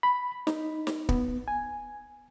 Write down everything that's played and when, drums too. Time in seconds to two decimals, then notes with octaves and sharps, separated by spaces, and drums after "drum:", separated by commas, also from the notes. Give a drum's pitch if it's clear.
0.03 B5
0.47 D#4, drum: snare
0.87 drum: snare
1.09 B3, drum: kick
1.48 G#5